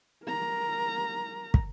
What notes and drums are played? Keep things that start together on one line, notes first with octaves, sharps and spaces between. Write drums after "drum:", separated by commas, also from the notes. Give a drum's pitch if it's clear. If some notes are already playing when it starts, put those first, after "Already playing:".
A#4 A#5
drum: kick